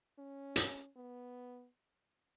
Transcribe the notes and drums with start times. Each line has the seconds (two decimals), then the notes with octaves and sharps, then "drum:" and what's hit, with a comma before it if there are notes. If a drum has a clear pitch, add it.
0.19 C#4
0.56 drum: hi-hat
0.96 B3